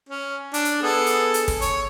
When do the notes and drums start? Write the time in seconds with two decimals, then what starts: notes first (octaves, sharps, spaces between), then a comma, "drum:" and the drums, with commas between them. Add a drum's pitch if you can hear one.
0.09 C#4
0.54 D4, drum: hi-hat
0.65 drum: hi-hat
0.82 B3 G#4 A4
1.06 drum: hi-hat
1.34 drum: hi-hat
1.48 drum: kick, open hi-hat
1.62 C#5, drum: hi-hat